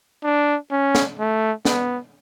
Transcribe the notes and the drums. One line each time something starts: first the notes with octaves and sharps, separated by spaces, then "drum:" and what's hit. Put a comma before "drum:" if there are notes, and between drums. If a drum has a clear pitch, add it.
D4
C#4
drum: snare
A3
B3, drum: snare